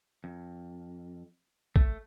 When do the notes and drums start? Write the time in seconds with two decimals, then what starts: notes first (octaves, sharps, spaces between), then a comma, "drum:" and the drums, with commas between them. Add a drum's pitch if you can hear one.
0.24 F2
1.76 A3, drum: kick